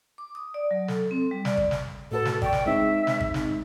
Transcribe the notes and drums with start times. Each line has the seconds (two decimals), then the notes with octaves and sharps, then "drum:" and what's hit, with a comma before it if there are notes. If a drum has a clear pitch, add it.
0.18 D6
0.35 D#6
0.54 D5
0.71 F#3
0.88 A4, drum: snare
1.11 C4
1.31 G3
1.45 D5, drum: snare
1.57 drum: kick G#1
1.71 drum: snare
2.12 A2 F#4 A4 B4
2.25 drum: snare
2.42 D5 G5 C#6, drum: kick G#1
2.53 drum: snare
2.66 G#3 C4 D#4 E5
3.07 drum: snare
3.21 drum: kick G#1
3.34 drum: snare